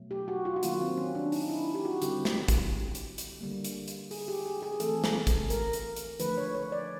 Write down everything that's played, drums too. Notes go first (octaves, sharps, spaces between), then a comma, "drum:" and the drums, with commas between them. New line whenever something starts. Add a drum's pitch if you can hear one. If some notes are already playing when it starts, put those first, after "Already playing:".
Already playing: B2 F#3 A3
G4
F#4
F4
F#4
D#3 F#3 A#3 F4, drum: hi-hat
C4
C#4
D4
D#4, drum: open hi-hat
E4
G4
F#4
D3 G3 C4 G4, drum: hi-hat
drum: snare
drum: kick, hi-hat
drum: hi-hat
drum: hi-hat
D3 G3 A#3
drum: hi-hat
drum: hi-hat
G#4, drum: open hi-hat
G4
G#4
G#4
E3 A3 C4 A4, drum: hi-hat
drum: snare
drum: kick, hi-hat
A#4, drum: hi-hat
drum: hi-hat
drum: hi-hat
D3 F3 A3 B4, drum: hi-hat
C#5
C#5
D5